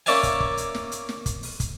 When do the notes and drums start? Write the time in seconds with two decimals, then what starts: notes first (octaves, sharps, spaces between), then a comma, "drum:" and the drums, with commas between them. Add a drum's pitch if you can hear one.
0.06 A#3 C#4 D5 E5 F5 G#5, drum: open hi-hat
0.23 drum: kick, hi-hat
0.40 drum: kick
0.57 drum: hi-hat
0.74 drum: snare
0.92 drum: hi-hat
1.09 drum: snare
1.26 drum: kick, hi-hat
1.43 drum: open hi-hat
1.60 drum: kick, hi-hat